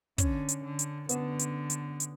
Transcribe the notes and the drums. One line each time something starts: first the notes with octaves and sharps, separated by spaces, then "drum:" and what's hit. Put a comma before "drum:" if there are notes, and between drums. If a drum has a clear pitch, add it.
D3 C#4, drum: kick, hi-hat
drum: hi-hat
D3
drum: hi-hat
D3 B3, drum: hi-hat
drum: hi-hat
drum: hi-hat
drum: hi-hat